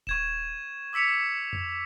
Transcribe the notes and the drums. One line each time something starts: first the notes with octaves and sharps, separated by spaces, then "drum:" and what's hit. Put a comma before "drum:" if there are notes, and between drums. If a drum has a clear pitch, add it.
C#6 G#6 E7, drum: kick D#1
D6 E6 B6 C#7 F7
drum: tom F2